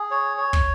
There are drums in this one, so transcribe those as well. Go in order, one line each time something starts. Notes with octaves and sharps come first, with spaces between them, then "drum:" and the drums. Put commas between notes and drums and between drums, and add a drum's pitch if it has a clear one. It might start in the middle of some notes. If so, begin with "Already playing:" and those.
Already playing: G#4
C#5
C#5
drum: kick